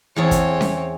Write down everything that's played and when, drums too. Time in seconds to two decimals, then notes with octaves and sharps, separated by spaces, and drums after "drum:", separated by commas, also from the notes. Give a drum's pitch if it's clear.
0.16 E2 C4 G#4 A4 C#5
0.31 drum: kick, hi-hat
0.61 drum: snare C#4